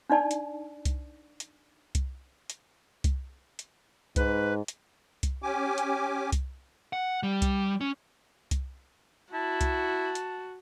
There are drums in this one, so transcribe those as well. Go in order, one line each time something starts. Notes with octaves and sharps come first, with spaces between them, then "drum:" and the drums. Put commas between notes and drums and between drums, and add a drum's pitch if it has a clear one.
D4 D#4 D5 A5
drum: hi-hat
drum: kick C2, hi-hat
drum: hi-hat
drum: kick C2, hi-hat
drum: hi-hat
drum: kick C2, hi-hat
drum: hi-hat
G#2 B4, drum: kick C2, hi-hat
drum: hi-hat
drum: kick C2, hi-hat
C#4 G4 G#5 D6
drum: hi-hat
drum: kick C2, hi-hat
F#5
G3
drum: kick C2, hi-hat
C#4
drum: kick C2, hi-hat
E4 F#4 A5
drum: kick C2, hi-hat
drum: hi-hat